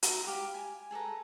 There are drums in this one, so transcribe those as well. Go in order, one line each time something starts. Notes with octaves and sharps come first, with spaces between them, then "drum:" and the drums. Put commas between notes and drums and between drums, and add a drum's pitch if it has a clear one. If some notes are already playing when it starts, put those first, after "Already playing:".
F#4 A#5, drum: hi-hat
G4 F5 B5
G#5
G#4 A4 B4 A#5